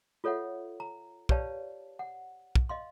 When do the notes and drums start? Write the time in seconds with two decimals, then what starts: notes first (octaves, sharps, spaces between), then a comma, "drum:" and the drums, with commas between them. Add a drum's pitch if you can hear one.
0.24 F4 A4 C#5 E5 F#5
0.80 A#5
1.29 G4 B4 C#5 D5 F5 A5, drum: kick
1.99 F#5
2.55 drum: kick
2.69 D#5 F5 C6